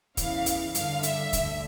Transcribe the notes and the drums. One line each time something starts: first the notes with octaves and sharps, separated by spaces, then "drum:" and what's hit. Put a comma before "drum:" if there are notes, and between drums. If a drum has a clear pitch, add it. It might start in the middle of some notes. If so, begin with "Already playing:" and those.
E2 C#3 E3 F5, drum: kick, hi-hat
drum: hi-hat
G2 D3 F5, drum: hi-hat
E5, drum: hi-hat
D2 D3, drum: kick, hi-hat